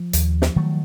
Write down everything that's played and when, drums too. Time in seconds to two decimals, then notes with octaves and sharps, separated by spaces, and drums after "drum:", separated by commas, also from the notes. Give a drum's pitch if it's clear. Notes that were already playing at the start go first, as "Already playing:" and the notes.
Already playing: F3
0.13 D#2, drum: hi-hat
0.42 drum: snare
0.56 D#3 F#3 A3